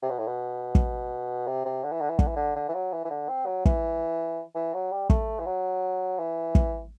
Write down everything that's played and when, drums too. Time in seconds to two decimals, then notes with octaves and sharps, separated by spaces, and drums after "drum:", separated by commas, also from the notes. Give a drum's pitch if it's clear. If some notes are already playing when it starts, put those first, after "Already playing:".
0.02 C3
0.10 B2
0.18 A2
0.27 B2
0.75 drum: kick
1.47 C3
1.65 C3
1.84 D3
1.92 E3
2.01 D3
2.10 E3
2.19 D3, drum: kick
2.27 E3
2.36 D3
2.56 D3
2.69 E3
2.74 F#3
2.92 E3
3.05 E3
3.10 D3
3.29 C4
3.46 F#3
3.65 E3, drum: kick
4.55 E3
4.74 F#3
4.92 G3
5.10 A3, drum: kick
5.39 E3
5.46 F#3
6.18 E3
6.55 drum: kick